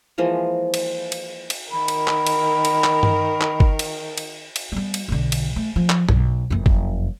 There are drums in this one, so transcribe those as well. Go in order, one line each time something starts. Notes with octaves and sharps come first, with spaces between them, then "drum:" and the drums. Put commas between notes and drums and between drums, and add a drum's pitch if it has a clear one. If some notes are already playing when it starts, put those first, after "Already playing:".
E3 F3 G#3 A#3
drum: cymbal
drum: cymbal
drum: cymbal
D#3 A#4 B5
drum: cymbal
drum: clap
drum: cymbal
drum: cymbal
drum: clap
drum: tom G2
drum: clap
drum: kick G1
drum: cymbal
drum: cymbal
drum: cymbal
G3 B3
drum: cymbal
B1 D3
drum: cymbal
A3
F3
drum: clap
B1, drum: tom G2
F#1 F2
drum: kick G1